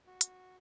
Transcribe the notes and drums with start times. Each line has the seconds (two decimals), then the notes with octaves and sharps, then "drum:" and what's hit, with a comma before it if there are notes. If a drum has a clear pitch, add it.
0.06 F#4
0.21 drum: hi-hat